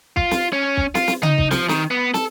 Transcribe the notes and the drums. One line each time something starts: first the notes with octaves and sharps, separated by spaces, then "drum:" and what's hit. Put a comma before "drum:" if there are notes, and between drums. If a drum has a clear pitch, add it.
F4, drum: kick
drum: snare
C#4
drum: kick
F4, drum: snare
drum: snare
D#4, drum: tom C#3
drum: kick
F3, drum: snare
D#3, drum: snare
B3
A4, drum: snare